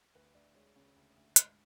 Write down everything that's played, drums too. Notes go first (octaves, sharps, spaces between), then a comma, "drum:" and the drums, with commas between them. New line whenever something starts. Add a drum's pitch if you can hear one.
D2 B4
D2 D5
G#3 C#5
C#3
D2
D2
G#2, drum: hi-hat